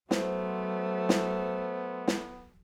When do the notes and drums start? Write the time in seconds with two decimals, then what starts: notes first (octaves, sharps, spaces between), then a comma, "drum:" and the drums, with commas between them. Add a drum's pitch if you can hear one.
0.11 F#3 A3 B3 C5, drum: snare
1.09 drum: snare
2.08 drum: snare